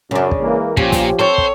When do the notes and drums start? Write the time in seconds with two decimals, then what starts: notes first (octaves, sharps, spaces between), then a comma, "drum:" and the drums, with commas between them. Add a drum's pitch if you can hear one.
0.11 F#2 C#3 D4
0.31 drum: kick
0.41 E3 G#3 A#3
0.77 A#2 F3 C#4 G4, drum: kick
0.92 drum: snare
1.19 C4 A4 C5 C#5
1.38 drum: kick